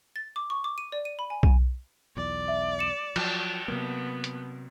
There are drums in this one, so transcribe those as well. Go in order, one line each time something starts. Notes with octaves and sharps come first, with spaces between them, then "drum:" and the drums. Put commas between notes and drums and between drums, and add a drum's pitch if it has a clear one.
A6
D6
C#6
D6
D#7
D5
D#7
B5
G#5
G#5, drum: kick B1
B1 E2 D5
E5
C#7 E7
F3 F#3, drum: cymbal
C3 F#3 A#3 B3
drum: hi-hat